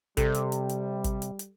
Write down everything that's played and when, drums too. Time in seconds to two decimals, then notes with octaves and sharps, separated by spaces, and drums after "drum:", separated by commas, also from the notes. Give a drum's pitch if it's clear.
0.17 C3 G3 A4, drum: kick, hi-hat
0.34 drum: hi-hat
0.52 drum: hi-hat
0.69 drum: hi-hat
1.04 drum: kick, hi-hat
1.22 drum: hi-hat
1.39 drum: hi-hat